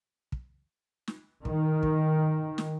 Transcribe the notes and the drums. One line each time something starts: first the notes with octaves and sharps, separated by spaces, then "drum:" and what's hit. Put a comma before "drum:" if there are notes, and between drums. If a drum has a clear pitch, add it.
drum: kick
drum: snare
D#3, drum: kick
drum: kick
drum: snare